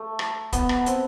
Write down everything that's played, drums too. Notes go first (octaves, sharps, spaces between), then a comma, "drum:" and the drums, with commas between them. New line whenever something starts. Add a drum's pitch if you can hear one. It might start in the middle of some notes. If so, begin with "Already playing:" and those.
Already playing: A3
drum: rim click
B3, drum: kick D1, hi-hat
drum: rim click
C4, drum: hi-hat